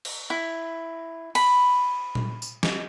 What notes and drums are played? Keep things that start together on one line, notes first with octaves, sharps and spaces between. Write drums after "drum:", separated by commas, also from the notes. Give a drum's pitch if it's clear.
drum: cymbal
E4
B5, drum: cymbal
drum: tom A#2
drum: tambourine
drum: snare